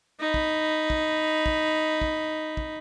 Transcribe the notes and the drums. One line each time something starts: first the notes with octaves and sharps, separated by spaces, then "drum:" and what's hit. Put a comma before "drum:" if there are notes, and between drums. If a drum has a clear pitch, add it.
D#4 B5
drum: kick
drum: kick
drum: kick
drum: kick
drum: kick